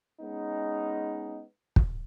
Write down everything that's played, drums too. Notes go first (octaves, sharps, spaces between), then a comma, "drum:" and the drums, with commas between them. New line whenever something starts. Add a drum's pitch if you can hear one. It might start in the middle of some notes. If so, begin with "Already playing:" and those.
G#3 B3 C#4 D#4
drum: kick